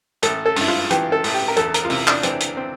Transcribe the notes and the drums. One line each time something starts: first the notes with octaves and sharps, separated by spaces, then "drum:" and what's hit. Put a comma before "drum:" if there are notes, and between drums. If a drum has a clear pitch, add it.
A1 A4, drum: hi-hat
A4
G2 E4, drum: open hi-hat
F4
E3 G4, drum: hi-hat
A4
A1, drum: open hi-hat
G4
A#4
E2 A4, drum: hi-hat
A#4, drum: hi-hat
F4
C3 E4, drum: open hi-hat
D4, drum: clap
E3 C4, drum: hi-hat
drum: hi-hat
C4